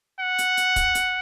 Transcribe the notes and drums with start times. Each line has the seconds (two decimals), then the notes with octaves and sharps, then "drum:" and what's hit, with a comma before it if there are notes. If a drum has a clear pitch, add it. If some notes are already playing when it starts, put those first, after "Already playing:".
0.20 F#5
0.38 drum: hi-hat
0.57 drum: hi-hat
0.76 drum: kick, hi-hat
0.95 drum: hi-hat